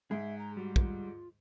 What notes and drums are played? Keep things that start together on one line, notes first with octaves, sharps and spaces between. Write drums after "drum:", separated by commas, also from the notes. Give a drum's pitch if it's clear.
G#2 G#4 E5
A#5
G3 F#4
F4, drum: kick